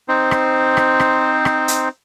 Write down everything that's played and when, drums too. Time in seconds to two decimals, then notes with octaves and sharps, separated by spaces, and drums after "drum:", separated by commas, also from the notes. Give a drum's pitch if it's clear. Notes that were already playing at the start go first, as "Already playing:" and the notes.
0.08 C4 D#4 C5
0.31 drum: rim click
0.77 drum: rim click
1.00 drum: rim click
1.45 drum: rim click
1.68 drum: hi-hat